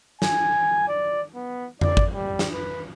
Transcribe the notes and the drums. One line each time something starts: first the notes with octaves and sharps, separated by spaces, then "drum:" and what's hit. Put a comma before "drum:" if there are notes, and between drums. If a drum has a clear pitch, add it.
G#5, drum: snare
D5
B3
D5, drum: tom F2
drum: kick
G3
drum: snare
B4